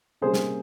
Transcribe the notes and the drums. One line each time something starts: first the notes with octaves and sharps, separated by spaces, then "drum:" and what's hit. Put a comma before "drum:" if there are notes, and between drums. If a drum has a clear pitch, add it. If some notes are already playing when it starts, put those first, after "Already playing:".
C3 G3 A#3 C#4 G#4 C5
drum: snare